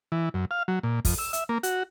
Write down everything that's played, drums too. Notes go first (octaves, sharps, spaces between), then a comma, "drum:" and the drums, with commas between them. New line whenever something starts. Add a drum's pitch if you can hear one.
E3
F#2
F5
F#3
A#2
F2, drum: kick, open hi-hat
E6
E5, drum: hi-hat
A#3
F#4, drum: hi-hat